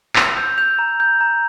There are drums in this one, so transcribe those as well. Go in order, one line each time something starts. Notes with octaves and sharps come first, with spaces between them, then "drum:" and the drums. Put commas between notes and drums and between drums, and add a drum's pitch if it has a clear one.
E6 F7, drum: clap
G6
G6 F7
A#5
G6
A#5